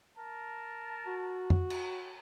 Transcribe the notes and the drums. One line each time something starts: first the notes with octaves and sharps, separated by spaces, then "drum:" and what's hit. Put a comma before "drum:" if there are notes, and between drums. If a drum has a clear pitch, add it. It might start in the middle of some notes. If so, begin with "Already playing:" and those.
A#4 A5
F#4
drum: tom F2
drum: cymbal